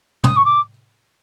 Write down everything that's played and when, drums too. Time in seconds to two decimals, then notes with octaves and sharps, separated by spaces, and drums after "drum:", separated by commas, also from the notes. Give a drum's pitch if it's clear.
0.24 D#6, drum: tom
0.36 C#6
0.45 D6